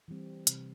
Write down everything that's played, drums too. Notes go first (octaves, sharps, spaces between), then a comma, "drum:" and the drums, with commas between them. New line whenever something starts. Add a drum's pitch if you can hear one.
E3 G3 C4
C3, drum: hi-hat